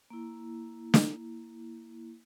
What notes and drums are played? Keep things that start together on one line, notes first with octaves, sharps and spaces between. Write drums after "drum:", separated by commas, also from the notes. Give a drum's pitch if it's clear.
A#3 E4
drum: snare